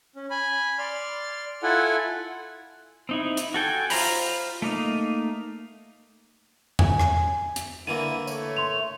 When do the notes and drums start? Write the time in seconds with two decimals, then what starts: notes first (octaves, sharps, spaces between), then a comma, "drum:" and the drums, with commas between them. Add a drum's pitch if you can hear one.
0.16 C#4
0.30 G#5 B5
0.78 D5 C6 F6
1.63 E4 F4 A4 F#5 G#5
3.09 C4 D#4 E4
3.37 drum: hi-hat
3.54 F#4 A4 G5 G#5
3.90 F4 C5 A#5 B5, drum: open hi-hat
4.62 A3 A#3 D#4
6.79 G#5, drum: tom E2
7.00 drum: rim click
7.56 drum: hi-hat
7.87 D3 E3 A#3 E4 D#7
8.27 A3 C#5, drum: tambourine
8.57 C6 F7